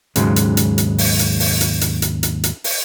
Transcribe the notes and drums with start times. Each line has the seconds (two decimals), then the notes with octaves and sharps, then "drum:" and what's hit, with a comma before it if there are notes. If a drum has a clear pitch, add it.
0.16 D#2 G#2 C#3 F#3 G#3, drum: hi-hat
0.36 drum: hi-hat
0.57 drum: hi-hat
0.78 drum: hi-hat
0.98 drum: open hi-hat
1.19 drum: hi-hat
1.40 drum: open hi-hat
1.61 drum: hi-hat
1.81 drum: hi-hat
2.02 drum: hi-hat
2.23 drum: hi-hat
2.44 drum: hi-hat
2.64 drum: open hi-hat